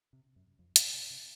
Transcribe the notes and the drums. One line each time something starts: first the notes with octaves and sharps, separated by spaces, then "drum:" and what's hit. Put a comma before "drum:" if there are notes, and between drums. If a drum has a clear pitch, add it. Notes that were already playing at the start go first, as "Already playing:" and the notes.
C3
F#2
F2
F#2, drum: hi-hat
C3
C3